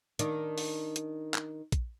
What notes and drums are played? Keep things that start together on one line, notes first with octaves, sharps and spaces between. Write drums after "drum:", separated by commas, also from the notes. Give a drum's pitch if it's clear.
D#3 D4, drum: hi-hat
drum: open hi-hat
drum: hi-hat
drum: clap
drum: kick A#1, hi-hat